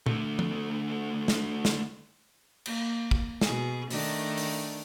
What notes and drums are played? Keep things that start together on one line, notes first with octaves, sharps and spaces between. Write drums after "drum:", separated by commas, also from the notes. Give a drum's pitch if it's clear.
D3 A3, drum: tom A#2
drum: tom
drum: snare
drum: snare
A#3, drum: cymbal
drum: kick
B2 G#4, drum: snare
D#3 A3 D4, drum: open hi-hat
drum: open hi-hat